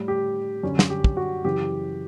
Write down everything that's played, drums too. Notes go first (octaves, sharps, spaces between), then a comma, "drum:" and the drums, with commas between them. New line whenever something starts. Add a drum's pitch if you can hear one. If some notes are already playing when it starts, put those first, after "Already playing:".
Already playing: A2 G3
G4
F#2 D3 G3 C#4
drum: snare
G4
drum: kick
F#4
F#2 C#3 E3 G4